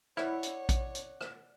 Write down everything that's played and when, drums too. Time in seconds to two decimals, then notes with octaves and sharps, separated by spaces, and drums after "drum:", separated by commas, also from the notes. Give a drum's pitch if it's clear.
0.17 E4 C#5 D5 F#5, drum: rim click
0.43 drum: hi-hat
0.69 drum: kick A#1, hi-hat
0.95 drum: hi-hat
1.21 drum: rim click